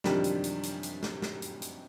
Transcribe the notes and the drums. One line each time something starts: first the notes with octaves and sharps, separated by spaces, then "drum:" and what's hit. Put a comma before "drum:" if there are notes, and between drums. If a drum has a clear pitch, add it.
F#2 C3 D#3 F3 G3 D4, drum: snare
drum: hi-hat
drum: hi-hat
drum: hi-hat
drum: hi-hat
drum: snare
drum: snare
drum: hi-hat
drum: hi-hat